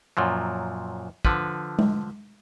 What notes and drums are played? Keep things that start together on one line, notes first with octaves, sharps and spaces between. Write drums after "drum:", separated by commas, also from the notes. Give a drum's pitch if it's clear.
F#2 A#2 F3 F#3
D3 F3 B4, drum: kick
drum: tom G#3